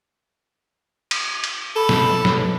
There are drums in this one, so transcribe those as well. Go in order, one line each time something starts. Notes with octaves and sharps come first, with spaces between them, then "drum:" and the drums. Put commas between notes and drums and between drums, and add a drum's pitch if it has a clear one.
drum: cymbal
drum: cymbal
A4 B5
drum: snare
drum: snare